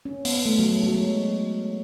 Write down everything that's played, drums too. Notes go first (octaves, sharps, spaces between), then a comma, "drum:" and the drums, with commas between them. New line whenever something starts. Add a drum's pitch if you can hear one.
C#4
B3, drum: open hi-hat
A3
F#3
G#3
F#3
G#3